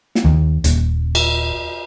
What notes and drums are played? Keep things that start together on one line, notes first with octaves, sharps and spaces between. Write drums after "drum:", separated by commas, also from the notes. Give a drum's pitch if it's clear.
drum: snare
D#2
D#1, drum: hi-hat
drum: cymbal